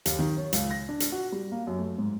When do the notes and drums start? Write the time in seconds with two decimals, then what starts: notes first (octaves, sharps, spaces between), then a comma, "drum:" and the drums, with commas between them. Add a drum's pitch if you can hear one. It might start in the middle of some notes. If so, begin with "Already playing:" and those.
0.06 D#2, drum: hi-hat
0.19 D#3
0.37 C#5
0.53 C#2, drum: hi-hat
0.71 A#6
0.89 D4
1.00 drum: hi-hat
1.12 F#4
1.32 G3
1.52 A#3
1.67 F#2
1.79 A3
1.98 G#2